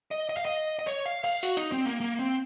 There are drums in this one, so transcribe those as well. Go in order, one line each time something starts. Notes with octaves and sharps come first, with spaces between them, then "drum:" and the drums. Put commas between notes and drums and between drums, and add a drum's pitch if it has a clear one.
D#5
D#5
F5
D#5
D#5
C#5
F5
F5, drum: cymbal
F#4, drum: open hi-hat
D#4, drum: hi-hat
C4
A#3
A#3
C4